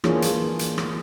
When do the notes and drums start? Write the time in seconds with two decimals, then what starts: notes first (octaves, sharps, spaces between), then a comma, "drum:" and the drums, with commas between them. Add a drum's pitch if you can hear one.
0.04 E3 A#3 D4 F4 G#4 C#5, drum: rim click
0.22 drum: hi-hat
0.59 drum: hi-hat
0.78 drum: rim click